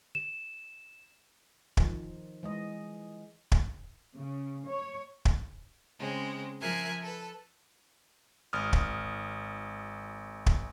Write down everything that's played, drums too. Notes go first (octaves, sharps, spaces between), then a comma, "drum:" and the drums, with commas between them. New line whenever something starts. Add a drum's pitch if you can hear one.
E7
D#3 F3, drum: kick
E3 G#3 D#5
drum: kick
C#3
C#5
drum: kick
C#3 G#3 C4
F3 A#4 E5 G#5 F#6 G#6
A4 B4
G#1 D#6 F6
drum: kick
drum: kick